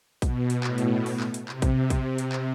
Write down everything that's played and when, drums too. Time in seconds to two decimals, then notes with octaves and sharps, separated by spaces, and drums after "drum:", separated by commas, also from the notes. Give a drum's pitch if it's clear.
0.22 B2, drum: kick, hi-hat
0.50 drum: hi-hat
0.64 A2, drum: clap
0.78 drum: hi-hat
1.06 drum: open hi-hat
1.20 drum: clap
1.34 drum: hi-hat
1.49 C3, drum: clap
1.62 drum: kick, hi-hat
1.90 drum: kick, hi-hat
2.18 drum: hi-hat
2.32 drum: clap